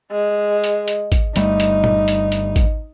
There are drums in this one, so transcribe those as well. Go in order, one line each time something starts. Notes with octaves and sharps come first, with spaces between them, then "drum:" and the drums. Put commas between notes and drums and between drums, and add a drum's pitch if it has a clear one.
G#3
drum: hi-hat
drum: hi-hat
drum: kick, hi-hat
G1 G3 A3 D#4, drum: hi-hat
drum: hi-hat
drum: tom
drum: hi-hat
drum: hi-hat
drum: kick, hi-hat